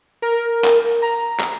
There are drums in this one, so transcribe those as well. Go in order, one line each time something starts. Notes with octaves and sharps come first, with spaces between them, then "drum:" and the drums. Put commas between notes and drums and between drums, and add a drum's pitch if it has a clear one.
A#4
drum: clap
A#5
drum: clap